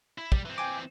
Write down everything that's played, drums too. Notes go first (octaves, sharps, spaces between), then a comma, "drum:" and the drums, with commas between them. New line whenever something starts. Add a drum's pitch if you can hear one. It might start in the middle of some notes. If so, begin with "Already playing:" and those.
E4
G3, drum: kick
E3 C4
G5 G#5 D6